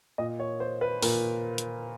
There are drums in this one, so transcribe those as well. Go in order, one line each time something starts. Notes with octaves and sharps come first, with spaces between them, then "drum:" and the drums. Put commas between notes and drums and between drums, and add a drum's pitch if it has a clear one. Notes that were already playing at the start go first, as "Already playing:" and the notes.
A#2 D#5
C#5
C5
B4
A#2 A#4, drum: open hi-hat
drum: hi-hat